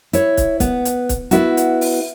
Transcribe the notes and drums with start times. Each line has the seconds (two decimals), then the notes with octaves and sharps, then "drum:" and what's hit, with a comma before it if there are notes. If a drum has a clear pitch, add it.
0.13 E4 C#5, drum: hi-hat
0.37 drum: kick, hi-hat
0.60 B3, drum: kick, hi-hat
0.85 drum: hi-hat
1.09 drum: kick, hi-hat
1.31 B3 E4 F#4, drum: hi-hat
1.57 drum: hi-hat
1.81 drum: open hi-hat